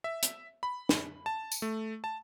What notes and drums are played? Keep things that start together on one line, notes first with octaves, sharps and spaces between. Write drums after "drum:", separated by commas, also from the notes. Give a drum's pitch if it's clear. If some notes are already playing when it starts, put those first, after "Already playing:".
E5
drum: hi-hat
B5
drum: snare
A5
drum: tambourine
A3
A5